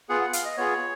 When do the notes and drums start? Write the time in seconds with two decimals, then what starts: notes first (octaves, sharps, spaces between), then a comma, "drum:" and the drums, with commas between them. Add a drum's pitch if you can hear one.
0.09 B3 F4 G#4 F#5
0.21 F#5
0.33 F5, drum: hi-hat
0.45 D#5
0.57 B3 F4 G#4 C#5